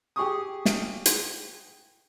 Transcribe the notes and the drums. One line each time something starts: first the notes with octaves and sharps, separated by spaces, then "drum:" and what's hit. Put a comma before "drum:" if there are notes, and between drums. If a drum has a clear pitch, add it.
G4 G#4 C#6 D#6
drum: snare
drum: hi-hat